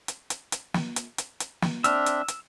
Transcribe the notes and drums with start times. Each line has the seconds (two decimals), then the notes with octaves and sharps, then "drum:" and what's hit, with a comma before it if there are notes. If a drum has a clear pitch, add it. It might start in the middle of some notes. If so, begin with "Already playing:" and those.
0.08 drum: hi-hat
0.30 drum: hi-hat
0.52 drum: hi-hat
0.74 drum: snare
0.96 drum: hi-hat
1.18 drum: hi-hat
1.40 drum: hi-hat
1.62 drum: snare
1.84 C4 D4 E5 E6 F6, drum: hi-hat
2.06 drum: hi-hat
2.28 drum: hi-hat